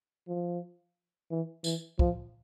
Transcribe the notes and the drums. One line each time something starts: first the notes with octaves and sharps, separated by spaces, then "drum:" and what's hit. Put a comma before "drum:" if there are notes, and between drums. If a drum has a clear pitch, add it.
F3
E3
E3, drum: tambourine
F3, drum: kick